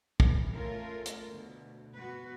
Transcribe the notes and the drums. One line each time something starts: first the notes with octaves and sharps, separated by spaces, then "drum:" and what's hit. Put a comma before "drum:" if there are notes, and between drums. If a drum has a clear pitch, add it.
D#3 E3, drum: kick
A3 C#4 F4 A4 A#4
drum: hi-hat
D2 B2
B3 F#4 B4